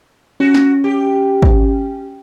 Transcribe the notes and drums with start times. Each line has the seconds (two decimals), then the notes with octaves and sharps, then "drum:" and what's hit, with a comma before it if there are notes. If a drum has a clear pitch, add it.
0.40 C#4 F#4
0.54 drum: snare
0.84 G4
1.42 drum: kick